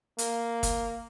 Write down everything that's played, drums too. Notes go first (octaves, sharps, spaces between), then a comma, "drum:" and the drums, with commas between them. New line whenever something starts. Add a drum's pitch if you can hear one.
A#3, drum: hi-hat
drum: kick, hi-hat